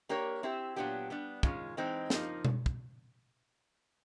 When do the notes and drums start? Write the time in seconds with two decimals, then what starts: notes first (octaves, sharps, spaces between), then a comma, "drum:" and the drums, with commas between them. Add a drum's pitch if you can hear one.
0.09 A#3 D4 G4 A#4 C#5
0.43 C4 E4 G4
0.76 A#2 F#3 B3 D4 G4
1.10 G3 B3 D4
1.43 D#3 G#3 C#4 F4, drum: kick
1.77 E3 G#3 C4 D#4
2.10 F3 A#3 D#4, drum: snare
2.45 drum: tom B2
2.66 drum: kick